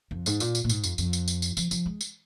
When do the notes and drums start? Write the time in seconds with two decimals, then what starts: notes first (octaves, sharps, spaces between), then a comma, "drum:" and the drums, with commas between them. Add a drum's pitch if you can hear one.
0.11 F2
0.26 G#2, drum: tambourine
0.40 A#2, drum: tambourine
0.55 drum: tambourine
0.64 A#2
0.69 G#2, drum: tambourine
0.84 F2, drum: tambourine
0.98 F2, drum: tambourine
1.13 drum: tambourine
1.28 drum: tambourine
1.42 drum: tambourine
1.57 F3, drum: tambourine
1.71 F3, drum: tambourine
1.86 G#3
2.01 drum: tambourine